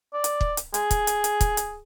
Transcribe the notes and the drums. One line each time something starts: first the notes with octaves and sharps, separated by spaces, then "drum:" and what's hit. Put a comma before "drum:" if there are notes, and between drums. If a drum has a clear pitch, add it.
D5
drum: hi-hat
drum: kick
drum: hi-hat
G#4, drum: hi-hat
drum: kick, hi-hat
drum: hi-hat
drum: hi-hat
drum: kick, hi-hat
drum: hi-hat